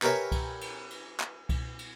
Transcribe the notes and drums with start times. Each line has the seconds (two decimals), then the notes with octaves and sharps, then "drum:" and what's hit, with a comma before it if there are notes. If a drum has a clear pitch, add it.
0.02 G4 A#4 B4 C#5 E5 G#5, drum: clap
0.32 drum: kick C2, cymbal
0.61 drum: cymbal
0.90 drum: cymbal
1.20 drum: clap
1.49 drum: kick C2, cymbal
1.79 drum: cymbal